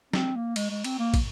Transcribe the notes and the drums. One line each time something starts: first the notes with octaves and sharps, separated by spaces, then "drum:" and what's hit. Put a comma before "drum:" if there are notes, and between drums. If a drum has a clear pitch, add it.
C4, drum: snare
A#3
G#3, drum: cymbal
G#3
C4, drum: cymbal
A#3
drum: kick, cymbal